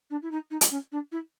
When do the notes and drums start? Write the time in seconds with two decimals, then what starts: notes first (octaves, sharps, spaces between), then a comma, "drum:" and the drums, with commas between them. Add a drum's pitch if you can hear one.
0.10 D4
0.22 E4
0.31 D#4
0.51 D#4
0.61 drum: hi-hat
0.71 C#4
0.92 D4
1.12 E4